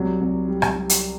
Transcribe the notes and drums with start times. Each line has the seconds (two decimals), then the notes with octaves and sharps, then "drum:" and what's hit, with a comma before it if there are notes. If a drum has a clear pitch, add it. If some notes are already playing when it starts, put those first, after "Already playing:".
Already playing: C2 F#3
0.21 C2
0.48 G3
0.62 drum: rim click
0.76 G3
0.89 drum: hi-hat